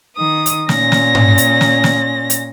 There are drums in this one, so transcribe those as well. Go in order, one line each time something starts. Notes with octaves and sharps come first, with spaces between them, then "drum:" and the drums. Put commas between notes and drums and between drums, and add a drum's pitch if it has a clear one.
D#3 D#6
drum: hi-hat
A#2 C#4 A#6, drum: snare
drum: snare
drum: tom G#2
drum: hi-hat
drum: snare
drum: snare
drum: hi-hat